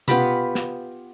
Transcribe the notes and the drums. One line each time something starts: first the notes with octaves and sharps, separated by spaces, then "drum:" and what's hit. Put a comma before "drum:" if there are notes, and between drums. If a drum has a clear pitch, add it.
B3 F4 G4 B5, drum: tom B2
drum: snare